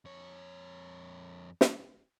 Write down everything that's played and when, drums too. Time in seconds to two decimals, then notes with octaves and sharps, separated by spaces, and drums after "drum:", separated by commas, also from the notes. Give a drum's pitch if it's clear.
0.05 F2 C#5
1.61 drum: snare